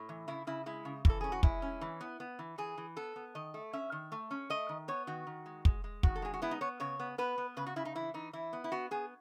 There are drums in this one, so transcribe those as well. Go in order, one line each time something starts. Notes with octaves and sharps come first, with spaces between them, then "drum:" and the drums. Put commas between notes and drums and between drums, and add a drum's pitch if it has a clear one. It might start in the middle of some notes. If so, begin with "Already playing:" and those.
Already playing: A2
E3
C#3 E4
C#3 E4
G#3 E4
C#3
E3 A4, drum: kick
C#4 G#4
F#4
G#3 E4, drum: kick
C#4
E3
B3
B3
E3
E3 G#4
E3
B3 A4
B3
D#3 D#5
A3
C#4 E5
D#3
A3
C#4
A3 D#5
D#3
B3 C#5
D#3 F#4
D#3
G#3
G#3, drum: kick
G#3
D#3 F#4, drum: kick
A4
G#3 G#4
F#4
B3 E4
D#4
B3 C#5
C#3 C#5
B3
B3 B4
B3
C#3 B4
F#4
C#3 E4
D#4
E3 E4
E3 D#4
E3 E4
B3
E4
B3 F#4
B3 G#4